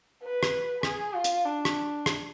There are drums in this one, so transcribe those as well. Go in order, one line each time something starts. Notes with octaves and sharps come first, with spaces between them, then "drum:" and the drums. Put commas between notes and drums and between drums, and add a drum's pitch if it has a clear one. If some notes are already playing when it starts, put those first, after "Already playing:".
B4
drum: rim click
G#4, drum: rim click
F4
drum: hi-hat
D4
drum: rim click
drum: rim click